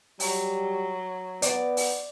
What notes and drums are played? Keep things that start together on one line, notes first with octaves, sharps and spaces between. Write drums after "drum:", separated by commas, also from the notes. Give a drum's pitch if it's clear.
F#3 G3, drum: open hi-hat
B3 D5, drum: hi-hat
drum: open hi-hat